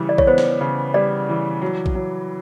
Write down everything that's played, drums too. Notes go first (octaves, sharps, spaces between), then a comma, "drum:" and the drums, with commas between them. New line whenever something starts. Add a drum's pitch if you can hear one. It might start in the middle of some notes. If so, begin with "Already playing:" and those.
Already playing: C#3 E3 G3
D5
C#5, drum: kick A#1
B3 C5
drum: snare
C#3
G3 D5
E3
F#3
drum: kick A#1
F#3